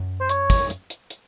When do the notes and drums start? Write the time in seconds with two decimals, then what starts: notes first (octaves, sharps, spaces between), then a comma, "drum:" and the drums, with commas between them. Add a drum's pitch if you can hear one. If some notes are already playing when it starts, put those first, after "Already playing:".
Already playing: F#2
0.21 C5
0.29 C#5, drum: hi-hat
0.50 drum: kick, hi-hat
0.70 drum: hi-hat
0.90 drum: hi-hat
1.10 drum: hi-hat